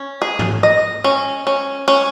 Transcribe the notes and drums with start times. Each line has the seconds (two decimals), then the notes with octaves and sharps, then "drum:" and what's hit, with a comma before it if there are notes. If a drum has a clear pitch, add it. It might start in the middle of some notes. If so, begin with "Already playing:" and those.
Already playing: C#4
0.22 G#4
0.39 drum: tom G#2
0.63 D#5
1.04 C#4
1.47 C#4
1.88 C#4